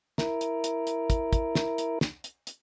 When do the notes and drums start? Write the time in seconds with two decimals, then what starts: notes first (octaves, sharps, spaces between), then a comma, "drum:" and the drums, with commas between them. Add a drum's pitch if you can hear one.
0.18 E4 A#4, drum: snare
0.41 drum: hi-hat
0.64 drum: hi-hat
0.87 drum: hi-hat
1.10 drum: kick, hi-hat
1.33 drum: kick, hi-hat
1.55 drum: snare
1.78 drum: hi-hat
2.01 drum: snare
2.24 drum: hi-hat
2.47 drum: hi-hat